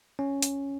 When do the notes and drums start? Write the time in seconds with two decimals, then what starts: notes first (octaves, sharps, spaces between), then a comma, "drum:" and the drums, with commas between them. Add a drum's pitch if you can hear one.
0.19 C#4
0.42 drum: hi-hat